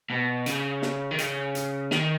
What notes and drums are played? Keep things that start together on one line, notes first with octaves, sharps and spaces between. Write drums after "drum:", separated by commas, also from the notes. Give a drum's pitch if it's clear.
B2
C#3, drum: hi-hat
drum: snare
D#3
C#3, drum: hi-hat
drum: hi-hat
D#3, drum: snare